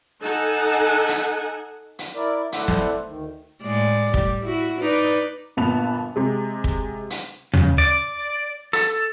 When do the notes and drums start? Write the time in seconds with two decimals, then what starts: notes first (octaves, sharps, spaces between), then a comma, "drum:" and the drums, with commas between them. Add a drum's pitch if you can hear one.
0.21 D#4 A4 F#5 G#5
1.09 drum: hi-hat
1.99 drum: hi-hat
2.15 E4 A#4 D5
2.52 A3 E4 C5 D5 E5 F#5, drum: hi-hat
2.68 drum: snare
3.06 D2 D#3
3.63 A2 G#3 D5
4.14 G3, drum: kick
4.45 E4 F#4
4.81 D#4 B4 D5
5.57 G1 A#2 B3 A5 F7
6.16 C3 G#3
6.64 drum: kick
7.10 drum: hi-hat
7.54 C#3, drum: tom
7.78 D5
8.73 A4, drum: hi-hat